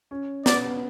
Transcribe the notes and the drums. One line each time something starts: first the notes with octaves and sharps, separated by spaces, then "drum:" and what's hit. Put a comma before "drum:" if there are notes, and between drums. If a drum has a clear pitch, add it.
C#4
B3 D5, drum: snare